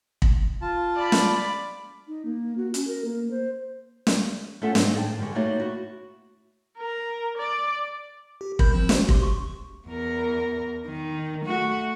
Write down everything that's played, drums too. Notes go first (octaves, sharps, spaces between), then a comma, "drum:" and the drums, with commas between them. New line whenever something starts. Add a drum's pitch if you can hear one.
drum: kick
F4 A5
D5 B5
drum: snare
D#4
A#3
F#4
C#4, drum: hi-hat
A#4
A#3
C5
drum: snare
A3 C#4 F4 A4 E5 F#5
G#2 D#3 A3 C4 D4 D#4, drum: snare
A2 G#4 F5 G5 A5
G2 D3 G3 G#3 C#5
A3 A#3 D#4 F#4 C#5 D5
E4 F#4
A#4
D5 D6
G4
A#4 B5 G6, drum: kick
F3 C4
C#4 F#4 C5, drum: snare
D#2 G4 C6, drum: kick
C#6
E2 A#4
D#3
A3 F#4